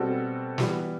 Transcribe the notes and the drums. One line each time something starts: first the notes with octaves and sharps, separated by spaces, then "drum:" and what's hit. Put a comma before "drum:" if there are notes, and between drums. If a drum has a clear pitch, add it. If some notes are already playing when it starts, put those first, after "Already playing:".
Already playing: B2 G3 C4 F#4 A4
E3 G3 B3, drum: snare